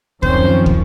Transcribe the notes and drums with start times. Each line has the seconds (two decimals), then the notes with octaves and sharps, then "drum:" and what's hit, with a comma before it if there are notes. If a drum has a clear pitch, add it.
0.23 F#2 D#3 F3 C4 C#4 C5, drum: kick
0.66 drum: kick